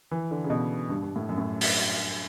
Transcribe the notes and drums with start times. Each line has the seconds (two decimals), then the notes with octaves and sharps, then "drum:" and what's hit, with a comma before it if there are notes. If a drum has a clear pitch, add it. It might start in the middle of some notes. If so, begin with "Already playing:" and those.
0.11 E3
0.31 D3
0.44 C#3
0.50 B2
0.89 G2
1.02 G2
1.16 A2
1.29 F#2
1.38 A2
1.61 drum: open hi-hat